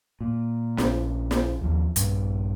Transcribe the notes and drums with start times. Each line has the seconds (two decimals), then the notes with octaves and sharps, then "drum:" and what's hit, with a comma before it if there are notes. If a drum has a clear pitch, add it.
0.21 A#2
0.78 A#1 C#4, drum: snare
1.31 drum: snare
1.61 D#2 F3
1.96 A#1 G2, drum: hi-hat